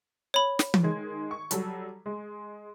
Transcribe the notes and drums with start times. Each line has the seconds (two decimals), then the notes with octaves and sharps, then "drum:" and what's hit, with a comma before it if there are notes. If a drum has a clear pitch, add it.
0.34 C#5 B5
0.59 drum: snare
0.74 drum: tom E3
0.83 D#3 G#3 G#6
1.31 C#6
1.51 F#3 G3 A4, drum: hi-hat
2.06 G#3